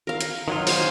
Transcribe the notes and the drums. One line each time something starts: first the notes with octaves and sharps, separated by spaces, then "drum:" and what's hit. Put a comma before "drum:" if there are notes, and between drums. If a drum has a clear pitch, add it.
A#4 F5
drum: hi-hat
D#3 F#3 F4
C5 F5 G#5, drum: open hi-hat